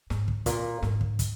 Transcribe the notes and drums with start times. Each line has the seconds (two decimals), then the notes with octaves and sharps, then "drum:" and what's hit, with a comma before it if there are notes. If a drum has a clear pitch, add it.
0.10 G#2, drum: snare
0.28 drum: kick
0.46 A#2, drum: kick, hi-hat
0.83 G#2, drum: snare
1.01 drum: kick
1.19 drum: kick, hi-hat